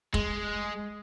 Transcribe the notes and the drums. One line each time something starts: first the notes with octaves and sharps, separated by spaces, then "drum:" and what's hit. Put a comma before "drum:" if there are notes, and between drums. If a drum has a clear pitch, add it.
G#3, drum: kick